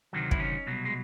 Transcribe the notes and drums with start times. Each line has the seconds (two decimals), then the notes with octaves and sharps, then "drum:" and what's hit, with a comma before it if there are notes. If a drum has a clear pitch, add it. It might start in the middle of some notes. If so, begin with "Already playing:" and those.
0.13 D2 C3 D#3 F#3
0.31 E4, drum: kick
0.39 C#4 D#4
0.66 C2 B2 F#3
0.85 G#3